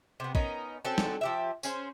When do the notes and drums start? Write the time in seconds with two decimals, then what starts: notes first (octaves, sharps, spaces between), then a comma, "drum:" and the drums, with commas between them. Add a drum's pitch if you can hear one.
0.20 C3 B3
0.35 B3 C#4 D#4 A#4, drum: kick
0.85 C4 C#4 F#4 A4
0.98 drum: snare
1.21 F3 G4 E5
1.63 C#4 G#4 C5, drum: tambourine